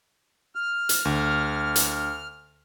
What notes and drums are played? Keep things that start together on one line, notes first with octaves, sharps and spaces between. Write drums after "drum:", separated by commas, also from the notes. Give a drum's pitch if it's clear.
F6
drum: hi-hat
D2
drum: hi-hat